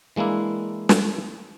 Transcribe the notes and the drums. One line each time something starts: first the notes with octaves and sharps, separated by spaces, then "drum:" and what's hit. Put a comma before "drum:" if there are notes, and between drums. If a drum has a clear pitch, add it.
E3 G#3 A#3 D4 E4
drum: snare